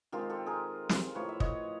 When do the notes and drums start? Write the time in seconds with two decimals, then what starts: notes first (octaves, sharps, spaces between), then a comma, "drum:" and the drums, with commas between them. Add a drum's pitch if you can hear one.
0.12 D#3 G#3 C4 F4 G4
0.29 G4 A4
0.46 G#4 A#4
0.89 drum: snare
1.15 A2 F3 A3 B4 C#5
1.29 E5
1.40 C#5 D#5, drum: kick